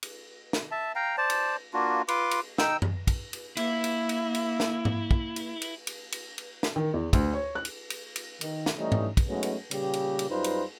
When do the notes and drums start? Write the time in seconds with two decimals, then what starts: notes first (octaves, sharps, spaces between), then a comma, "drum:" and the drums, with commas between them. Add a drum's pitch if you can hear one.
0.03 drum: cymbal
0.53 drum: snare
0.71 E5 A5
0.95 F5 G5 A#5
1.18 C5 D5 A5
1.30 drum: cymbal
1.73 A#3 D4 F4 F#4
2.08 F4 B4 C6 D6, drum: cymbal
2.31 drum: cymbal
2.58 D#4 G5 E6, drum: snare
2.82 drum: tom F#2
3.07 drum: kick, cymbal
3.33 drum: cymbal
3.57 A#3 E4, drum: cymbal
3.84 drum: cymbal
4.09 drum: cymbal
4.34 drum: cymbal
4.60 drum: snare
4.85 drum: tom G#2
5.11 drum: kick
5.36 drum: cymbal
5.61 drum: cymbal
5.87 drum: cymbal
6.12 drum: cymbal
6.38 drum: cymbal
6.63 drum: snare
6.76 D#3
6.94 E2
7.13 D2, drum: kick, cymbal
7.33 C#5
7.55 F#6
7.65 drum: cymbal
7.90 drum: cymbal
8.16 drum: cymbal
8.41 D#3, drum: cymbal
8.66 drum: snare
8.78 E3 G3 A3 C#4 D#4
8.92 drum: tom G#2
9.17 drum: kick, cymbal
9.28 F#3 G#3 A3 B3 C#4 D#4
9.43 drum: cymbal
9.71 A#2 C#3 G3 G4, drum: cymbal
9.93 drum: cymbal
10.19 drum: cymbal
10.29 F#2 G3 D#4 F4 B4 C5
10.44 drum: cymbal